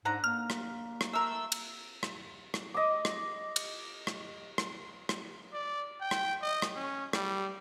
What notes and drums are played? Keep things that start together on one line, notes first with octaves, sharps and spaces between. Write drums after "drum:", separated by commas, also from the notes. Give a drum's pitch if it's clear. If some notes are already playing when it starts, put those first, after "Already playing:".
G#2 D3 F#5 A#5
A#3 F6
drum: rim click
drum: rim click
A3 A#4 E6
drum: cymbal
drum: rim click
drum: rim click
D#5 D6
drum: rim click
drum: cymbal
drum: rim click
drum: rim click
drum: rim click
D5
G5
drum: rim click
D#5
drum: rim click
C#4
G3, drum: rim click